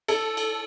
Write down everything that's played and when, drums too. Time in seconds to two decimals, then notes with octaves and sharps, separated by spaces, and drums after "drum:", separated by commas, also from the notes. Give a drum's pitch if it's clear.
0.08 A4, drum: cymbal
0.37 drum: cymbal